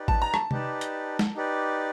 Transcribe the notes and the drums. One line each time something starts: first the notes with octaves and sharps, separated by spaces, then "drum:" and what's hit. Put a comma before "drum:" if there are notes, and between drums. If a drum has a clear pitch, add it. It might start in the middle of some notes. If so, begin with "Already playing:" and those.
Already playing: D#4 G4 B4 D5
A5, drum: kick G#1
A#5
A5, drum: rim click
D#4 G4 B4 D5, drum: tom C3
drum: hi-hat
drum: snare
D#4 G4 B4 D5